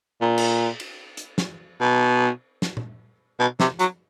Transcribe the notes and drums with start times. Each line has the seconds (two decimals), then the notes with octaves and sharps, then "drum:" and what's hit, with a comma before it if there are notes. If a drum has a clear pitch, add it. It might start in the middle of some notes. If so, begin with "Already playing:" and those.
0.21 A#2
0.38 drum: cymbal
0.80 drum: cymbal
1.17 drum: hi-hat
1.38 drum: snare
1.81 B2
2.62 drum: snare
2.77 drum: tom A#2
3.40 B2
3.60 C3, drum: snare
3.79 F#3, drum: hi-hat